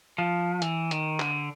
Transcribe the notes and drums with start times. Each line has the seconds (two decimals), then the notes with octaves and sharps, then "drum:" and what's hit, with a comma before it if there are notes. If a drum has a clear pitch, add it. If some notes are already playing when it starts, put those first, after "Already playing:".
0.18 F3
0.62 E3, drum: hi-hat
0.91 D#3, drum: hi-hat
1.20 D3, drum: clap